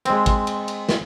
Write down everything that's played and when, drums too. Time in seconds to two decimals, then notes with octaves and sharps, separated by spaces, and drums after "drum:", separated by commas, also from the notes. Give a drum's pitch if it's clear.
0.05 G#3 C4, drum: cymbal
0.26 drum: kick, cymbal
0.47 drum: cymbal
0.68 drum: cymbal
0.89 drum: snare